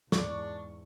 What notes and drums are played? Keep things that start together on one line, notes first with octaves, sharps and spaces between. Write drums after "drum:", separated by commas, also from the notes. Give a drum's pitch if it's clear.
E2 G#2 D4 C#6, drum: snare